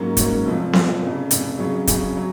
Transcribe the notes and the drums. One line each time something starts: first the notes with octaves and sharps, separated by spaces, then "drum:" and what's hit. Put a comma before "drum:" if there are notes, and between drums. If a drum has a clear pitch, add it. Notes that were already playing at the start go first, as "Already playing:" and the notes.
Already playing: G#2 F#3 A#3 C#4
G#2 F#3 A#3 C#4, drum: kick, hi-hat
F1 F2 F3
F1 F2 F3, drum: snare B3
F1 F2 C#3
F1 F2 C#3, drum: hi-hat
F2 C#3 F#3 C#4 G#4
F2 C#3 F#3 C#4 G#4, drum: kick, hi-hat
F#3